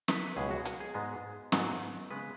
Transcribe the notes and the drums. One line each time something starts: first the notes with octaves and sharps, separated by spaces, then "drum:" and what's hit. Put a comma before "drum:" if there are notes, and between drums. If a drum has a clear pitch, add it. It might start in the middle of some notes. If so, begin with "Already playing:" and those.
B4, drum: snare
C#2 B2 G#3 G#4
F#4
F#4, drum: hi-hat
G#4
G#2 G#3 B3
G#2 F#3 B3, drum: snare
C#3 G#3 B3 B4